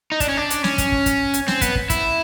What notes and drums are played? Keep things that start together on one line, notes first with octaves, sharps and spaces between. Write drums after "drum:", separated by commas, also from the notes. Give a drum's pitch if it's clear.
D#4
D4, drum: kick, hi-hat
C#4
D4
drum: hi-hat
C#4, drum: snare
drum: kick, hi-hat
drum: kick
drum: kick, hi-hat
drum: hi-hat
C4, drum: snare
B3, drum: kick, hi-hat
drum: kick
E4, drum: kick, hi-hat